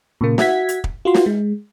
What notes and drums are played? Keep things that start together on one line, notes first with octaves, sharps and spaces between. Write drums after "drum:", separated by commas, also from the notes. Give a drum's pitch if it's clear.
A#2 C#3 A#3
F#4 E5 F#5 G#6 B6, drum: snare
drum: hi-hat
drum: kick
F4 F#4 C6
drum: snare
G#3